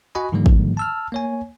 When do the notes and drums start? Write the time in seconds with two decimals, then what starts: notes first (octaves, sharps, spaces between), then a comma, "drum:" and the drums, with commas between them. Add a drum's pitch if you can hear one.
0.15 F#4 D#5 F#5 G#5 B5
0.32 G#2 D3 D#3 F3 G3 A#3
0.46 drum: kick
0.77 A5 E6 F6
1.12 A#3 C#5 G#5